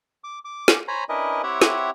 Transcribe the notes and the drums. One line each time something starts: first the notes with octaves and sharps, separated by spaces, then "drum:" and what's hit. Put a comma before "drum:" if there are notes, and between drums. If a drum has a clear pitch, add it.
D6
D6
drum: snare
C5 C#5 G#5 A#5 B5
C#4 D4 E4 A#4 B4 D#5
C4 E4 G4 C#5 E5 F#5
drum: snare